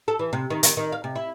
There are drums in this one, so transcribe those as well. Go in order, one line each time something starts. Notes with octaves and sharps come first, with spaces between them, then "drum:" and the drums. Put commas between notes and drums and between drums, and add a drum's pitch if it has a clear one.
A4
E3
C3
D#3
D#3, drum: hi-hat
D#3
F5
C3
E4